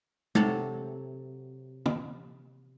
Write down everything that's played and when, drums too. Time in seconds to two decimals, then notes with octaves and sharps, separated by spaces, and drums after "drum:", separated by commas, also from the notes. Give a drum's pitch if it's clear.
0.35 C3 F#3 A4, drum: tom G#3
1.86 drum: tom